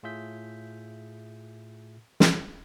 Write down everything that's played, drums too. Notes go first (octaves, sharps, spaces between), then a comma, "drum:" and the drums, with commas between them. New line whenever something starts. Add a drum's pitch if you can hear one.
A2 F4 G#4 E5 G6 B6
drum: snare